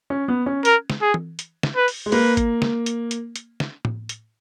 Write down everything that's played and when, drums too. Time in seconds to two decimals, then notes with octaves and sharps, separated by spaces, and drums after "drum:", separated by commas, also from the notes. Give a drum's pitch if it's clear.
0.10 C#4
0.28 B3
0.46 C#4
0.65 A#4, drum: hi-hat
0.90 drum: snare
1.02 G#4
1.14 drum: tom E3
1.39 drum: hi-hat
1.63 drum: snare
1.76 B4
1.88 drum: open hi-hat
2.06 G#3
2.12 A#3 B4, drum: open hi-hat
2.37 drum: kick, hi-hat
2.62 drum: snare
2.86 drum: hi-hat
3.11 drum: hi-hat
3.36 drum: hi-hat
3.60 drum: snare
3.85 drum: tom A2
4.09 drum: hi-hat